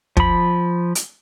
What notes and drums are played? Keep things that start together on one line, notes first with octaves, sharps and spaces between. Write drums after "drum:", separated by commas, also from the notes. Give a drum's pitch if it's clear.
F3 B5, drum: kick
drum: hi-hat